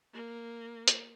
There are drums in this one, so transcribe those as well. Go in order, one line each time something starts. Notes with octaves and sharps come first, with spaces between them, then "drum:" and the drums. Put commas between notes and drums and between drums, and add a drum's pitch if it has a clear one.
A#3
drum: hi-hat